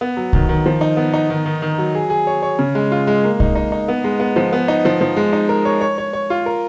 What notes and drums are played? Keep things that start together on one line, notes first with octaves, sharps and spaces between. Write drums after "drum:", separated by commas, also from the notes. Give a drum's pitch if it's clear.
B3
F#3
D#3, drum: kick B1
D#3
F3
D#4
B3
D#4
D#3
D#3
D#3
F#3
G#4
G#4
C#5
C#5
C#3
G#3
F4
G#3
A#3
D#4, drum: kick B1
D#4
D#4
B3
G#3
B3
F3
B3
D#4
F3
F3
G#3
D#4
A#4
C#5
C#5
C#5
C#5
F4
A#4